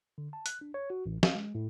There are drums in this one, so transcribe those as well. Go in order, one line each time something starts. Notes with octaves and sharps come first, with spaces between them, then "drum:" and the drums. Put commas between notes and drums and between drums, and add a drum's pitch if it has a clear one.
D3
A5
F#6, drum: hi-hat
D4
C#5
F#4
A1
F5, drum: snare
G#3
A2